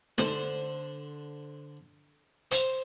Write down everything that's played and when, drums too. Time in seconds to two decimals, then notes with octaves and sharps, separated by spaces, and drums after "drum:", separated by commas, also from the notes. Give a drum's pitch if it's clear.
0.18 D3 C5, drum: snare
2.51 C5, drum: hi-hat